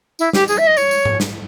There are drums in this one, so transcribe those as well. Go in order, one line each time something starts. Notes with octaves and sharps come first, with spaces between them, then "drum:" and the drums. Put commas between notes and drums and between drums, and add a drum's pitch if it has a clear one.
E4, drum: tambourine
G4, drum: snare
G#4, drum: tambourine
E5
D#5
C#5, drum: tambourine
drum: tambourine
drum: tom G#2
drum: snare